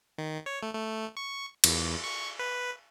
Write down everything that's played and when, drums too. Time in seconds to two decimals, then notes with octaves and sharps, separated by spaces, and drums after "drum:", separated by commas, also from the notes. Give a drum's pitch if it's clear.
0.18 D#3
0.46 C#5
0.63 A3
0.74 A3
1.17 C#6
1.64 E2, drum: cymbal
2.04 C#6
2.39 B4